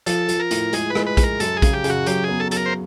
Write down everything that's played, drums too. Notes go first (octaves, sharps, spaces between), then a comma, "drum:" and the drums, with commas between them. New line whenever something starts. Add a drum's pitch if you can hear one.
F3 A4, drum: hi-hat
F3, drum: hi-hat
A#4
A2, drum: hi-hat
G#3 G#4, drum: hi-hat
B4
G#3, drum: rim click
B4
G#3, drum: kick A#1, hi-hat
A#4
F#2 A4, drum: hi-hat
G#4
C#3, drum: kick A#1, hi-hat
G4
C#3, drum: hi-hat
F#4
F#3 G4, drum: hi-hat
B3 G#4
A4
F#3 A4, drum: hi-hat
A#4
C5